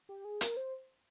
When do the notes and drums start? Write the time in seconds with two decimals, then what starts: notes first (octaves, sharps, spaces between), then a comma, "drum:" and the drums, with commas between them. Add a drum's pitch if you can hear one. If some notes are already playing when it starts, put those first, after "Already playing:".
0.09 G4
0.25 G#4
0.41 A#4, drum: hi-hat
0.57 C5